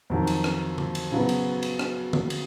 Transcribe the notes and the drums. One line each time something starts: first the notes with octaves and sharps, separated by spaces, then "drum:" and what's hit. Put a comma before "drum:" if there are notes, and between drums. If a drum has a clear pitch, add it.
F2 D#3 F#3
drum: cymbal
drum: rim click
drum: tom D3
drum: cymbal
C#3 F#3 B3
drum: cymbal
drum: cymbal
drum: rim click
drum: tom D3
drum: cymbal